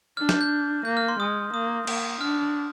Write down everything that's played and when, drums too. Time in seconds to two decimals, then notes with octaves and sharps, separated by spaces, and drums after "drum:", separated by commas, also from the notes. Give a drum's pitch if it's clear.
0.17 D4 F6
0.29 G6, drum: snare
0.41 G6
0.85 A#3 G6
0.97 F6
1.08 C6
1.19 G#3 D#6
1.53 A#3 D#6
1.87 A#3, drum: cymbal
2.21 D4 F6